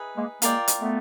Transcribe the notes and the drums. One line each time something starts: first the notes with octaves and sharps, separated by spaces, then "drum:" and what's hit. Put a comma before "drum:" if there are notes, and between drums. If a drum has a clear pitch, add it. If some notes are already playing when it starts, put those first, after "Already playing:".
Already playing: D#4 G#4 B4 E5
G#3 A#3
G#3 A#3 F4 A#4 D5 G5, drum: hi-hat
drum: hi-hat
A3 B3